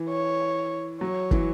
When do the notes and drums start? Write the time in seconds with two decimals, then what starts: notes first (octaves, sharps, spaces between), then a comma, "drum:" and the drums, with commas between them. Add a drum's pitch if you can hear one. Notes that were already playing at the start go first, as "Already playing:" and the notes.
Already playing: E3
0.09 C#5
1.01 F#3 C#5
1.31 E3, drum: kick